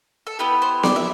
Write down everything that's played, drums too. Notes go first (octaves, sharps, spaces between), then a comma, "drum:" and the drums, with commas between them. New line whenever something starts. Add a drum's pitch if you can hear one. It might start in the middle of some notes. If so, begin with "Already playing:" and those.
A4
B3 E4 G4 B4
C5
D5, drum: snare B3
E5